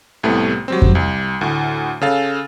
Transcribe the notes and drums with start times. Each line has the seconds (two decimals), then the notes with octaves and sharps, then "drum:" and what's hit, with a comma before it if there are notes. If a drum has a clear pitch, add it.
0.23 C2 A2 C3 A3 B3
0.68 F#3 G3 C4
0.82 drum: kick F2
0.95 C2
1.41 D2 A2
2.01 C#3 A4 F5 A6